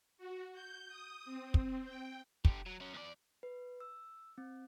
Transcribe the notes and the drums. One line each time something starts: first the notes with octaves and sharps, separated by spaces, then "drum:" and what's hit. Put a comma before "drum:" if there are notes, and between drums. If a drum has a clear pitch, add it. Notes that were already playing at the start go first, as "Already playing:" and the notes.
F#4
G6
D#6
C4
drum: kick
G5
D3 G4, drum: kick
F#3
F#3 C#4
E2 D5
B4
E6
C4